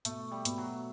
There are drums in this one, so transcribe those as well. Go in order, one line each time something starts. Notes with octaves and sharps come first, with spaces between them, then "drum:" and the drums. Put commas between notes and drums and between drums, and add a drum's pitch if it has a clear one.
B2 A3, drum: hi-hat
G3
B2, drum: hi-hat
F#3